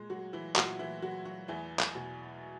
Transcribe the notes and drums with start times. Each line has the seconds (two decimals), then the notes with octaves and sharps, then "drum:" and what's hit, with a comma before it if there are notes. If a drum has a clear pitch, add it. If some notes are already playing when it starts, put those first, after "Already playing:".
Already playing: A#2 G#3
0.10 F#3 F#4
0.33 E3 E4
0.56 A#2 F#3 F#4, drum: clap
0.79 E3 E4
1.02 F#3 F#4
1.25 F#3 F#4
1.48 E2 E3 E4
1.79 drum: clap
1.95 B2